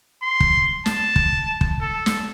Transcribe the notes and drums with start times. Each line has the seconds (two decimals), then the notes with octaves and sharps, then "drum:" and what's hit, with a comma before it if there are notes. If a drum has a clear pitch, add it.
0.22 C6
0.40 drum: kick
0.86 A5, drum: snare
1.16 drum: kick
1.61 drum: kick
1.81 A4
2.06 drum: snare